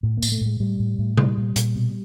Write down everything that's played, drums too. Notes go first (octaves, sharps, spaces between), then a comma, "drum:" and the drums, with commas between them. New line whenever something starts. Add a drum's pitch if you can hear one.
A2
A#3
A2, drum: tambourine
A3
A2 G#3
A2 G3
A2
A2
A#2 G3, drum: tom C3
A#2
A#2, drum: hi-hat
B2